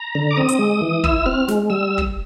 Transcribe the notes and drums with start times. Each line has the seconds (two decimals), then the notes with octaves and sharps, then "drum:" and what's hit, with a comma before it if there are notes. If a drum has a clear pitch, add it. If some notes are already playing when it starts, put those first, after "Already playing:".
Already playing: A#5
0.15 D3
0.31 D6
0.37 C4 D#6
0.48 drum: hi-hat
0.59 G#3
0.82 E3
1.04 E4 E6, drum: kick
1.26 C4 F6
1.48 G#3, drum: snare
1.70 G3 E6
1.98 drum: kick